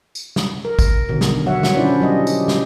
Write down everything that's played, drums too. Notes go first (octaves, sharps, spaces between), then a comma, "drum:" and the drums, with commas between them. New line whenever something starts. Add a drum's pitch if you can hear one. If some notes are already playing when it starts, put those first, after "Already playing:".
drum: tambourine
drum: snare
A#4
drum: kick, tambourine
B2 D3 D#3
drum: snare
F#3 C#5 E5 F#5
drum: snare
C#4 D4 E4 F4 C5 D5
F#3 G3 D#5
G4, drum: tambourine
drum: snare